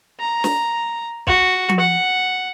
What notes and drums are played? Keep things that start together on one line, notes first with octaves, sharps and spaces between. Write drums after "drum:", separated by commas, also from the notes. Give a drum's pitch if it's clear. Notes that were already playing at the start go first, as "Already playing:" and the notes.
A#5
drum: snare
F#4, drum: kick
drum: tom F3
F#5